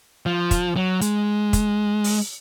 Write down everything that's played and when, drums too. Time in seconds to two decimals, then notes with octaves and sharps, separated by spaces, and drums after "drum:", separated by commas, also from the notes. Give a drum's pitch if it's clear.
0.26 F3
0.51 drum: kick, hi-hat
0.76 F#3
1.01 G#3, drum: hi-hat
1.53 drum: kick, hi-hat
2.04 drum: open hi-hat